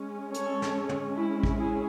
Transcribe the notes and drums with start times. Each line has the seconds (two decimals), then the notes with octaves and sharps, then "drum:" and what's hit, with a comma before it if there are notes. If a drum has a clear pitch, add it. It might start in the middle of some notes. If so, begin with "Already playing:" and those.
Already playing: G#3 C#4
0.34 A4 C#5, drum: hi-hat
0.62 drum: snare
0.89 drum: tom
1.16 E4
1.43 drum: kick
1.57 E4 G#4